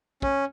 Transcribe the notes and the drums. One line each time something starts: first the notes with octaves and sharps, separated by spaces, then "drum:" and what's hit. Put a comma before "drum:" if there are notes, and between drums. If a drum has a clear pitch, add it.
C#4, drum: kick